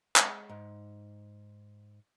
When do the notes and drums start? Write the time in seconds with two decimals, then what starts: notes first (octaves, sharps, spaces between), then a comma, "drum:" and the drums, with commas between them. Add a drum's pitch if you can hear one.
0.16 G#3, drum: clap
0.49 G#2